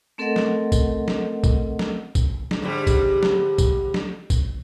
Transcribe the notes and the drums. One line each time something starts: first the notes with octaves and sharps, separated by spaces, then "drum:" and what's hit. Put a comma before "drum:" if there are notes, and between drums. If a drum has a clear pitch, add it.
A3 C4 A4 A#4 D#5 F#5
drum: snare
drum: kick, tambourine
drum: snare
drum: kick, tambourine
drum: snare
drum: kick, tambourine
drum: snare
G#2 D3 G3
drum: kick, tambourine
drum: snare
drum: kick, tambourine
drum: snare
drum: kick, tambourine